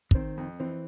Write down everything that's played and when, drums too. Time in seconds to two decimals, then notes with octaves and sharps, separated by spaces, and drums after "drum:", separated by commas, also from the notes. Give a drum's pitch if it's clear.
0.11 E3, drum: kick
0.15 D#3 C4
0.37 F2
0.60 E3 C4